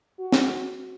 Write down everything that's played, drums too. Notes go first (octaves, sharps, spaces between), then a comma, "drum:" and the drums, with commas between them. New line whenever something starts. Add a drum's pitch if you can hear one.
F#4
drum: snare